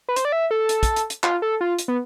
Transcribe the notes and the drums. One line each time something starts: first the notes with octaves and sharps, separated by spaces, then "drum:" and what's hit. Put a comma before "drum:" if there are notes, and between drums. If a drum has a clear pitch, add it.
B4
C5, drum: hi-hat
D5
E5
A4
drum: hi-hat
drum: kick, hi-hat
drum: hi-hat
drum: hi-hat
F4, drum: clap
A4
F4
drum: hi-hat
B3